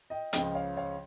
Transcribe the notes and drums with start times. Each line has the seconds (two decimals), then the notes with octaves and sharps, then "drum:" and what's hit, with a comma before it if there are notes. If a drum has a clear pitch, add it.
0.10 D#5 G5
0.33 C#2 C#3 F3 D#5 G5, drum: hi-hat
0.55 C#5 F5
0.77 C#5 F5